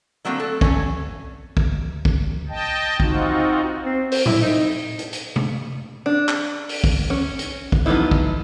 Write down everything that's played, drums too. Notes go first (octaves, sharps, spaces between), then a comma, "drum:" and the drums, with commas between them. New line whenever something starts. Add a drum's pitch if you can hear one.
D3 F#3 A3 A#3 C4
A4
A3 C#4, drum: kick
drum: kick
drum: kick
D#5 G5 A5
C4 D#4 F4 F#4, drum: kick
C4
C5, drum: open hi-hat
E4, drum: tom A2
D#4
drum: hi-hat
drum: hi-hat
drum: tom C3
D4
drum: clap
drum: open hi-hat
drum: kick
C#4
drum: hi-hat
drum: kick
F3 F#3 B3 D#4 E4
drum: kick